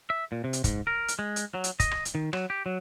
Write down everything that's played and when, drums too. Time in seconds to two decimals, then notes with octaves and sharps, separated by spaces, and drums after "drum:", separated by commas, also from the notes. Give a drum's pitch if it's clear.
0.10 E5
0.32 A#2
0.44 C3
0.53 drum: hi-hat
0.64 G#2, drum: kick, hi-hat
0.87 A#4
1.08 drum: hi-hat
1.19 G#3
1.36 drum: hi-hat
1.54 F#3
1.64 drum: hi-hat
1.80 D#5, drum: kick, hi-hat
1.91 drum: rim click
2.05 drum: hi-hat
2.15 D#3
2.33 F#3, drum: rim click
2.50 G4
2.66 F#3